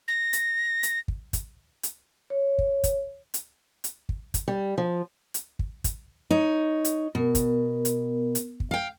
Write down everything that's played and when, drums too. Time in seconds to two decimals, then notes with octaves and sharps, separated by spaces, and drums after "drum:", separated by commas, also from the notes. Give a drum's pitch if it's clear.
0.08 A#6
0.33 drum: hi-hat
0.83 drum: hi-hat
1.08 drum: kick
1.33 drum: kick, hi-hat
1.83 drum: hi-hat
2.30 C#5
2.58 drum: kick
2.84 drum: kick, hi-hat
3.34 drum: hi-hat
3.84 drum: hi-hat
4.09 drum: kick
4.34 drum: kick, hi-hat
4.48 G3
4.78 F3
5.34 drum: hi-hat
5.59 drum: kick
5.84 drum: kick, hi-hat
6.31 D#4 C#5
6.85 drum: hi-hat
7.15 B2 B3 A#4
7.35 drum: kick, hi-hat
7.85 drum: hi-hat
8.35 drum: hi-hat
8.60 drum: kick
8.71 F5 G5